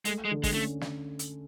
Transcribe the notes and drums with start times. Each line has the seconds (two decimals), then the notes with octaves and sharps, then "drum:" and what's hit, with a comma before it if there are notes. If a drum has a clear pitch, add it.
0.05 G#3 A3, drum: hi-hat
0.25 G#3
0.31 D3
0.43 G#3, drum: kick, open hi-hat
0.54 A3 C#4
0.81 drum: snare
1.19 drum: hi-hat